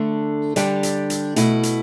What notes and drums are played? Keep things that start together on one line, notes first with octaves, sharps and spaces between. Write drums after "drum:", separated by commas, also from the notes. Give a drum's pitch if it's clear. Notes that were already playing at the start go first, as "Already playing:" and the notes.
Already playing: D3 A3 D4
D3 G3 D4 G4 D5, drum: hi-hat
drum: hi-hat
drum: hi-hat
B2 A3 E4, drum: hi-hat
drum: hi-hat